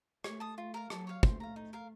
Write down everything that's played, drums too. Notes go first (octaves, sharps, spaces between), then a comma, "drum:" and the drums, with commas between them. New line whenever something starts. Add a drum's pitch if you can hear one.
A3 C#5, drum: rim click
A5 D#6
A3 F4
A#4 F5 A#5
F#3 A4, drum: rim click
C#5 F5
A3 C5, drum: kick
F5 A#5
D#4
A#4 F5